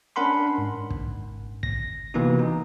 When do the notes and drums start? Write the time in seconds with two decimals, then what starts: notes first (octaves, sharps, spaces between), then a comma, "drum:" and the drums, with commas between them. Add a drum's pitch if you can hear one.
0.16 C#4 D4 A#4 F#5 B5 C6
0.58 G#2
0.90 drum: kick
1.63 A#6, drum: kick
2.14 C3 E3 A#3 B3 D#4 F#4
2.39 D#4